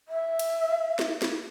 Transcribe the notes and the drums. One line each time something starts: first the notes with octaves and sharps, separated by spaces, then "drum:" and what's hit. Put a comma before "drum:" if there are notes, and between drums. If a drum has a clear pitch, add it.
E5
drum: cymbal
drum: snare
drum: snare